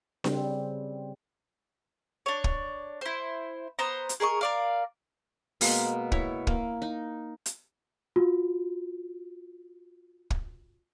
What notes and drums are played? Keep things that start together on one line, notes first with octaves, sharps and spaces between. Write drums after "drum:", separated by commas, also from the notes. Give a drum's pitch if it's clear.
C#3 G3 C4, drum: snare D4
D4 C#5
drum: kick
E4 C5
B3 C5 A#5
drum: hi-hat
G#4 A#4 D#5 C#6
A#4 D5 F5
B2 G#3 A#3 B5, drum: open hi-hat
E4 C#5, drum: kick
A#3, drum: kick
D#4
drum: hi-hat
F4 F#4
drum: kick